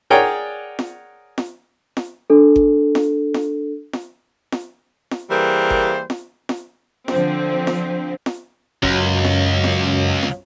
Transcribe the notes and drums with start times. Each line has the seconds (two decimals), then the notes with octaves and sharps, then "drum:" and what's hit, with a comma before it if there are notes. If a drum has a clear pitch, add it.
0.10 G#4 A#4 C#5 D5 F#5 G5
0.79 drum: snare
1.38 drum: snare
1.97 drum: snare
2.30 D4 A4
2.56 drum: kick G1
2.95 drum: snare
3.34 drum: snare
3.93 drum: snare
4.52 drum: snare
5.11 drum: snare
5.30 E3 G3 A#3 G#4 A#4 C5
5.70 drum: kick G1
6.10 drum: snare
6.49 drum: snare
7.08 D3 F3 C4, drum: snare
7.67 drum: snare
8.26 drum: snare
8.83 C#2 F#2, drum: kick G1
9.24 drum: snare
9.64 drum: snare
10.23 drum: snare